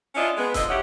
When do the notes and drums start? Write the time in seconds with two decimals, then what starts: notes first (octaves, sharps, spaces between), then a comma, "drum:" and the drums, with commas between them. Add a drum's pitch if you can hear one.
0.15 C#4 D4 E4 F4 D#5
0.37 G#3 B3
0.54 D3 F3 A4 D#5, drum: kick, hi-hat
0.68 G#2 C#4 E4 G4 F#5